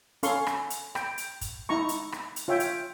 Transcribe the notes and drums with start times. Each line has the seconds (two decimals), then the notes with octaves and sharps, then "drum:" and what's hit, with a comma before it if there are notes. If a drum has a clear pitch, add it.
0.23 C#4 A4 F5 C6 C#6, drum: hi-hat
0.47 drum: rim click
0.70 drum: hi-hat
0.95 G5, drum: rim click
1.18 drum: hi-hat
1.41 drum: kick, hi-hat
1.69 D#4 E4 A#5 C#6
1.89 drum: hi-hat
2.12 drum: rim click
2.36 drum: hi-hat
2.48 F4 C#5 E5 G5
2.60 drum: hi-hat